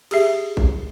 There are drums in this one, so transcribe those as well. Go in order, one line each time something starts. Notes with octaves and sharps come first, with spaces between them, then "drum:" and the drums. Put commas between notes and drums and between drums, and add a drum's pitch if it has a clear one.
G4 G#4 E5, drum: cymbal
drum: kick G#1